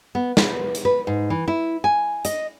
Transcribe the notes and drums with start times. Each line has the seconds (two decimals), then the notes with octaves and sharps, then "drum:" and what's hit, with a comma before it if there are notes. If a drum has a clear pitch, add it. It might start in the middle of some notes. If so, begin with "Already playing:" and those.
0.15 B3
0.37 B4, drum: snare
0.75 drum: hi-hat
0.85 B4
1.07 G#2
1.30 E3
1.48 E4
1.84 G#5
2.25 D#5, drum: hi-hat